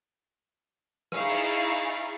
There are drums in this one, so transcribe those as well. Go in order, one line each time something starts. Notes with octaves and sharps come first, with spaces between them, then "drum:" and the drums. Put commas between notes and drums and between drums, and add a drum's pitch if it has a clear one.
D#4 E4 G#4 F5 C#6, drum: rim click
drum: cymbal